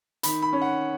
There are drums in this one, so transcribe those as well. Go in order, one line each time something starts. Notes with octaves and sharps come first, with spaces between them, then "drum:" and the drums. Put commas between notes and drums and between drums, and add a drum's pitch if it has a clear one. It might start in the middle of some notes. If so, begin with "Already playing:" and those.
D#3 B5, drum: hi-hat
B5
C#4
F#5